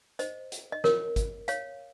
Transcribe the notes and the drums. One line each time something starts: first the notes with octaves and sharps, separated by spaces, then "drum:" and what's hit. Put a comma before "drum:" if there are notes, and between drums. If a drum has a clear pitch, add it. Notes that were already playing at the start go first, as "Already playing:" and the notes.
C5 D#5, drum: hi-hat
drum: hi-hat
D#5
A#4 C#5, drum: snare
drum: kick G#1, hi-hat
C#5 F5, drum: hi-hat